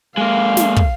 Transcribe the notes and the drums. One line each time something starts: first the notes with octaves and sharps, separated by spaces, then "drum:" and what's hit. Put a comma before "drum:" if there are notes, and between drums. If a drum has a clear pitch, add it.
G#3 A#3 F5
drum: snare
drum: kick